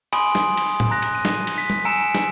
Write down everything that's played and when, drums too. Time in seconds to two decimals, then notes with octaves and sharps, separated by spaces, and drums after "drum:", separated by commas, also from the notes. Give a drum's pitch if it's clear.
0.13 G#5 B5 C6 D#6 D7 F#7, drum: cymbal
0.35 drum: snare
0.57 drum: cymbal
0.80 drum: tom A2
0.91 A#5 F#6 A#6
1.02 drum: cymbal
1.15 D#7
1.25 drum: snare
1.47 drum: cymbal
1.58 B6
1.70 drum: tom
1.85 G#5 A#5 E6 C#7 D7 E7
2.15 drum: snare